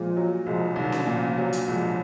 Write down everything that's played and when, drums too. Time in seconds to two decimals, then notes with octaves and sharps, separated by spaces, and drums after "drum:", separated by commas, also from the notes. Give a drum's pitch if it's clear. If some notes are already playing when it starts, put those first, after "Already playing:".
Already playing: A#2 F3 G#3
0.17 F#3
0.46 C2 F3 G#3
0.76 C2 D#3 F#3
0.92 drum: snare C#4
1.07 A#2 C#3 F3
1.37 F#3
1.53 drum: hi-hat
1.67 C2 F3 G#3